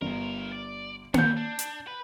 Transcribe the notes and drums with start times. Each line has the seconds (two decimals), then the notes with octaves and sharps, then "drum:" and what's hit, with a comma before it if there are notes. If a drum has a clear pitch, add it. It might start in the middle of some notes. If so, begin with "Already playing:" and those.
0.02 G1 G2 A#4
0.52 D5
1.14 F#3 G3 G6 C#7, drum: tom A#3
1.37 D4
1.59 drum: hi-hat
1.87 B4